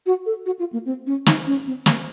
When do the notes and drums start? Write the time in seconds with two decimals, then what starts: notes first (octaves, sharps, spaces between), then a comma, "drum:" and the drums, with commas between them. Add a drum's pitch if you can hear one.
0.06 F#4
0.26 A4
0.46 F#4
0.59 F4
0.73 A#3
0.86 C4
1.07 C#4
1.26 D#4, drum: snare
1.47 C#4
1.66 C4
1.86 A#3, drum: snare